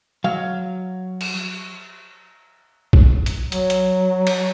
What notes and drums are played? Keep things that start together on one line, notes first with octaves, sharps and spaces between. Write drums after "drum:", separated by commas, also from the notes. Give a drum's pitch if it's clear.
F#3 F5
drum: cymbal
drum: kick A#1
drum: hi-hat
F#3, drum: hi-hat
drum: hi-hat
drum: cymbal